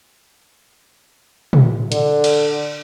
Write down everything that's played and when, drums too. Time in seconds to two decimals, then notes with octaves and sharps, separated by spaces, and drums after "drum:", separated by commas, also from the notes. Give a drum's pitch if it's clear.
1.53 drum: tom
1.92 D3, drum: hi-hat
2.24 drum: cymbal